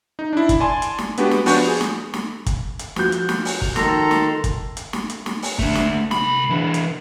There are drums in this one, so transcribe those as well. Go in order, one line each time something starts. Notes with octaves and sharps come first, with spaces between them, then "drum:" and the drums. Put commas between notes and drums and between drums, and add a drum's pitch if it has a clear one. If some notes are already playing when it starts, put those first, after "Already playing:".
D#4
D4 E4
drum: kick, hi-hat
D5 G#5 A5 C6
drum: hi-hat
drum: snare
G#3 B3 D4 F#4 G4, drum: hi-hat
drum: snare
F3 B3 D4 F#4 C#6 G6, drum: open hi-hat
G#4
drum: snare
drum: snare
drum: kick, hi-hat
drum: hi-hat
F3 F#4 G6, drum: snare
drum: hi-hat
drum: snare
drum: open hi-hat
drum: kick
D#3 A4 A#5 C6, drum: snare
drum: snare
drum: kick, hi-hat
drum: hi-hat
drum: snare
drum: hi-hat
drum: snare
drum: open hi-hat
A3 D4, drum: kick
drum: snare
C2 B5, drum: snare
E3 D4
drum: hi-hat